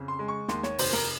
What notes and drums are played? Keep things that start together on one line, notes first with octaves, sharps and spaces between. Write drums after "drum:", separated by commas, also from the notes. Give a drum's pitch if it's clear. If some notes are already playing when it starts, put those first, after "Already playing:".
Already playing: F2 C#3
C6
G#3
C#6
D#2 C6, drum: snare
C#5, drum: snare
F1 C5, drum: open hi-hat
A#4, drum: snare